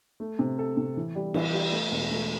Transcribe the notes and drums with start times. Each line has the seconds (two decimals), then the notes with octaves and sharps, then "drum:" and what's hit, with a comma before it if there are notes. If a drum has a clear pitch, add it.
0.20 A3
0.39 C3
0.59 A4
0.77 C3
0.97 E3
1.15 G3
1.34 E3, drum: cymbal
1.53 G3
1.72 A3
1.91 E1
2.11 A3